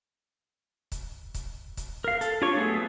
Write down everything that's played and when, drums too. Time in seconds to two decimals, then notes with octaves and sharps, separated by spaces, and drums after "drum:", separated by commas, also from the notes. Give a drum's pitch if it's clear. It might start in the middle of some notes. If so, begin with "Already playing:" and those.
0.92 drum: kick, hi-hat
1.34 drum: kick, hi-hat
1.77 drum: kick, hi-hat
2.04 A#4 F5
2.21 A4, drum: hi-hat
2.42 D4 F4 G4 C#5 C#6
2.56 F#3 A3 B3 G#4 A4